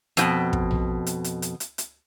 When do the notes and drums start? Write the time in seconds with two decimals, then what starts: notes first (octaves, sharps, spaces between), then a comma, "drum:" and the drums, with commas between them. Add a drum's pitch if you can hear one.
0.17 F2 B2, drum: hi-hat
0.53 drum: kick
0.71 drum: tom A#1
1.06 drum: hi-hat
1.24 drum: hi-hat
1.42 drum: hi-hat
1.60 drum: hi-hat
1.78 drum: hi-hat